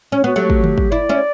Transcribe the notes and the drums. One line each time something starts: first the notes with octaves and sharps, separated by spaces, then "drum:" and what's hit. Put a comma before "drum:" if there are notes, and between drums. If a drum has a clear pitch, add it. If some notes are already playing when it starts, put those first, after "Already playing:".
C#4
B3 F#4
F#3 A3 G4
drum: kick
drum: tom D3
drum: kick
E4 D5
C#4 E4